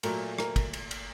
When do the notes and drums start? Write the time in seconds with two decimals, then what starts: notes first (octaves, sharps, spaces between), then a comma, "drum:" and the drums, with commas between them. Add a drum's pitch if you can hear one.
0.03 A#2 F#3 A3 A#4, drum: cymbal
0.38 A#4, drum: rim click
0.56 drum: kick, cymbal
0.73 drum: cymbal
0.91 drum: cymbal